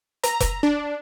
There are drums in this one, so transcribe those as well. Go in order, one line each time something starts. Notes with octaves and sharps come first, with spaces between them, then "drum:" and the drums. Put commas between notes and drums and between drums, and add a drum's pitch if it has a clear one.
A#5, drum: hi-hat
drum: kick F1, hi-hat
D4